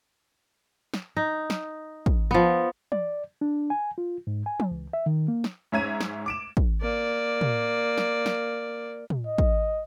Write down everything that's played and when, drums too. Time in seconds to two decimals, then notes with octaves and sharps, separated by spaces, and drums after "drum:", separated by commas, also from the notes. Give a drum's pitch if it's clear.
0.94 drum: snare
1.17 D#4
1.50 drum: snare
2.06 drum: kick
2.31 F3 B3
2.92 D5, drum: tom
3.41 D4
3.70 G#5
3.98 F4
4.27 G#2
4.46 G#5
4.60 drum: tom
4.71 C#2
4.93 E5
5.06 D#3
5.28 A#3
5.44 drum: snare
5.72 G#2 C#4 E5 A#5 G#6 D#7
6.00 drum: snare
6.26 D6 D7 E7
6.57 drum: kick
6.82 A#3 D5
7.41 drum: tom
7.98 drum: snare
8.26 drum: snare
9.10 drum: tom
9.27 D#5
9.38 drum: kick